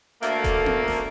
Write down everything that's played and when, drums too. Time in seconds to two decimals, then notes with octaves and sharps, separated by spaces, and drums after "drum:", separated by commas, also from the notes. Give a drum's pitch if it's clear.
0.23 D2 A3 A#3, drum: hi-hat
0.44 drum: kick D#1, hi-hat
0.66 drum: tom B3
0.88 drum: snare